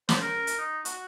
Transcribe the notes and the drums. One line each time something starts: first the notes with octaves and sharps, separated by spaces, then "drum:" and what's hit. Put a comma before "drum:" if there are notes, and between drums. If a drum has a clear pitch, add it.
C5, drum: snare
A#4
drum: hi-hat
D#4
F#4, drum: hi-hat